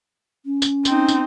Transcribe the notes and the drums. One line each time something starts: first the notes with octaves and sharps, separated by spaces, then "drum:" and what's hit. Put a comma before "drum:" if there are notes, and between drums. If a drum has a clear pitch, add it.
C#4
drum: tambourine
C4 D#4, drum: tambourine
drum: tambourine